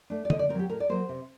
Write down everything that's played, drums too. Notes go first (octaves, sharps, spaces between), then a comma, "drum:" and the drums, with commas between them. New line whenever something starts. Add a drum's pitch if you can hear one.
A3 D4
D5
D3 D#5, drum: tom
D5
C4 A#4
F#3 G4
A2 A#4
D5
F#3 A#3 C5
C3